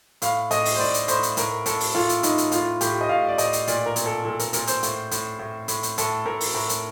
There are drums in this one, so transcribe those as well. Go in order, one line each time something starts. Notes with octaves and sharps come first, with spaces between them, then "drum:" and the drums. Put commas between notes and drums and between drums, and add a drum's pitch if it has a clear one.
A2 F5, drum: hi-hat
A2 D#5, drum: hi-hat
drum: open hi-hat
C5
A2 D5
drum: hi-hat
A2 C5, drum: hi-hat
drum: hi-hat
A2 A#4, drum: hi-hat
A2 A4, drum: hi-hat
drum: open hi-hat
A2 F4
drum: hi-hat
A2 D#4, drum: hi-hat
drum: hi-hat
A2 F4, drum: hi-hat
A2 G4, drum: hi-hat
D#5
A2 F5
D5
A2 D#5, drum: hi-hat
drum: hi-hat
A#2 D5, drum: hi-hat
A#4
A#2, drum: hi-hat
A4
A#2 A4
A#4, drum: hi-hat
A#2 A#4, drum: hi-hat
C5, drum: hi-hat
A2, drum: hi-hat
A2, drum: hi-hat
A2
A2, drum: hi-hat
drum: hi-hat
A2 A4, drum: hi-hat
A2 A#4
drum: open hi-hat
A2 A#4
drum: hi-hat